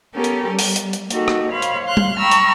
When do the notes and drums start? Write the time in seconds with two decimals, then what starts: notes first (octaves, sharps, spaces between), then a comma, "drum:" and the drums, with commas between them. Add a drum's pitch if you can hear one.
0.15 B3 C#4 G4 A4 A#4
0.24 drum: hi-hat
0.49 G3
0.59 drum: open hi-hat
0.76 drum: hi-hat
0.93 drum: hi-hat
1.10 A#3 D#4 F#4 G4 A4, drum: hi-hat
1.28 drum: rim click
1.51 C5 C#5 F5 B5
1.62 drum: hi-hat
1.85 F5 C6 F#6
1.97 drum: tom G3
2.18 G5 A#5 B5 C#6 E6 F6
2.31 drum: hi-hat